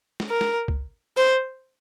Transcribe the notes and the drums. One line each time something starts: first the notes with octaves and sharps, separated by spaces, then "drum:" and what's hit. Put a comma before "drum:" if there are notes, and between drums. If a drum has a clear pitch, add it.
drum: snare
A#4
drum: snare
drum: kick
C5, drum: tambourine